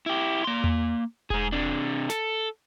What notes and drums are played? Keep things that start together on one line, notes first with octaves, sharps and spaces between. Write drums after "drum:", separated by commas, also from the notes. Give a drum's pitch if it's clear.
E4 G4
A#3 C6
drum: tom E2
G#2 G#4, drum: kick E1
C3 D4
A4, drum: snare